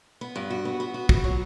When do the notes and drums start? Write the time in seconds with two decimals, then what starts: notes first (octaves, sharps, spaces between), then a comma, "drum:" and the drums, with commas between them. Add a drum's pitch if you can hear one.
0.21 B3
0.36 G2
0.50 F#4
0.65 B3
0.80 B3
0.94 F#4
1.09 F#4, drum: kick
1.24 F#3